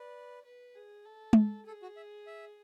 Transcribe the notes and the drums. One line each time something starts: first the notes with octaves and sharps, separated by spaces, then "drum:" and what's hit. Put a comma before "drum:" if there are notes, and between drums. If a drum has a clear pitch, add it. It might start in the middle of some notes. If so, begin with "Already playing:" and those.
Already playing: B4 D5
B4
G#4
A4
drum: tom G#3
G#4 A4
F#4
E5
E5